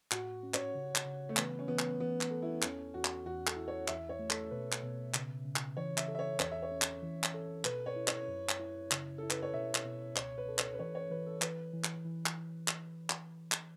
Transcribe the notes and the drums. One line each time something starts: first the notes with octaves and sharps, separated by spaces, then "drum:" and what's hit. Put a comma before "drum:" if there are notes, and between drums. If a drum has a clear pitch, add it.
A2 F#4, drum: clap
C#4
C#5, drum: clap
C#3
drum: clap
C#3
A3
E3 B3, drum: clap
C#4
E3 B3
drum: clap
E3 B3
drum: clap
A4
E4
E2 C#4, drum: clap
E2 F#4
drum: clap
E2 F#4
A4, drum: clap
E4
C#5
E2 E5, drum: clap
C#5
A3
A4, drum: clap
B2 B4
drum: clap
B2
C#3, drum: clap
C#3
drum: clap
E3 C#5
E5, drum: clap
A4
E5
C#5
E2 C#5, drum: clap
E5
C#5
C#4
drum: clap
E3
drum: clap
A4
B2 B4, drum: clap
C#5
E4
C#5, drum: clap
F#2
drum: clap
E4
C#3, drum: clap
E4 A4
B4, drum: clap
C#5
B2 E5
drum: clap
B2
C#2 C#5, drum: clap
B4
A4
C#5, drum: clap
B4
E3 C#5
C#5
E3 B4
A4
E3 B4, drum: clap
E3
drum: clap
E3
drum: clap
drum: clap
drum: clap
drum: clap